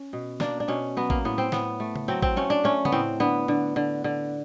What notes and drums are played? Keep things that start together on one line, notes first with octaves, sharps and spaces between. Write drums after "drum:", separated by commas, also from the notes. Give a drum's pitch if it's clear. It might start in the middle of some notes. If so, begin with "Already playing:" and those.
Already playing: C#4
B2
A#3 D4, drum: snare
D4
B2 C#4
F#3 B3
A#3, drum: kick
A2 B3
C4
A2 B3, drum: snare
A3
drum: tom C#3
F#3 C4
C4, drum: kick
A3 C#4
D4
A3 C#4
B3, drum: tom C#3
A2 C4
D3 B3
D3
D3
D3